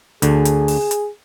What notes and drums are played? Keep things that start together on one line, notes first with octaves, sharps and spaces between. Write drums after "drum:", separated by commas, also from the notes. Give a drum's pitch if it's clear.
D2 D3 G#4, drum: hi-hat
drum: hi-hat
drum: open hi-hat
drum: hi-hat